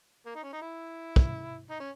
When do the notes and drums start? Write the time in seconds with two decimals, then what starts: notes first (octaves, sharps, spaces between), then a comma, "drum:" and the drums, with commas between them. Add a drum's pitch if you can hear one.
0.26 A#3
0.35 D#4
0.43 C#4
0.53 D#4
0.62 E4
1.16 drum: kick
1.70 D#4
1.80 C#4